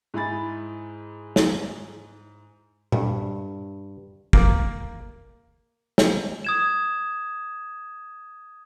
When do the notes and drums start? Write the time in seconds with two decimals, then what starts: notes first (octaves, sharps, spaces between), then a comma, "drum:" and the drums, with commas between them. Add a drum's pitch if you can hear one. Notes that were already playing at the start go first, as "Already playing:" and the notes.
0.14 G#2 E4 G#4 B5 A6
1.36 drum: snare
2.92 G2, drum: tom A#2
4.33 A#3, drum: kick
5.98 drum: snare
6.45 D#6 G#6 E7